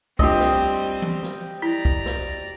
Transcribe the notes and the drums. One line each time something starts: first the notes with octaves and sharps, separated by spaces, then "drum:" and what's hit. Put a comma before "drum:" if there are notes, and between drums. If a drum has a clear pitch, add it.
G3 A3 C4 D4 F4 G4 D#5, drum: kick
drum: snare
drum: tom E3
drum: snare
E4 D5 A#5
drum: kick
drum: snare